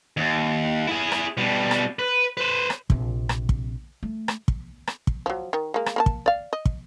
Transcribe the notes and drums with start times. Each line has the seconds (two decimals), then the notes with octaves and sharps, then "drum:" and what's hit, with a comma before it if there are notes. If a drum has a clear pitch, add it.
0.17 D#2
0.87 E4 G#4
1.12 drum: rim click
1.37 B2 G3
1.71 drum: rim click
1.99 B4
2.37 B4 C5
2.70 drum: rim click
2.90 A#1 C3, drum: kick
3.29 drum: rim click
3.49 drum: kick
4.03 A3
4.28 drum: rim click
4.48 drum: kick
4.87 drum: rim click
5.07 drum: kick
5.26 F3 F#3
5.53 D#3
5.74 G#3 A#3
5.86 drum: rim click
5.96 A#3 A#4 A5
6.06 drum: kick
6.26 D5 F5
6.53 D#5
6.65 drum: kick